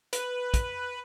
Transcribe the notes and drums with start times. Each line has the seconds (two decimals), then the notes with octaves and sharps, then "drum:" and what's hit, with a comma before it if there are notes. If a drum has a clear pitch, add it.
0.13 B4, drum: hi-hat
0.54 drum: kick, hi-hat